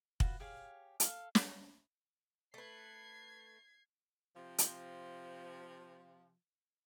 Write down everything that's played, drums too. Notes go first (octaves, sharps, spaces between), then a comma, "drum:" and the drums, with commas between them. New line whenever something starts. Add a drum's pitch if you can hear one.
F4 F#4 B4, drum: kick
G4 G#4 C#5 F5
A4 F5, drum: hi-hat
drum: snare
A3 B4 G#6 C7
C3 F3
drum: hi-hat